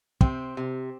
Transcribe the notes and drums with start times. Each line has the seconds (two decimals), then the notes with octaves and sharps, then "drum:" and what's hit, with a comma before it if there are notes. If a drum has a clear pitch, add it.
0.21 C3 C4, drum: kick
0.57 C3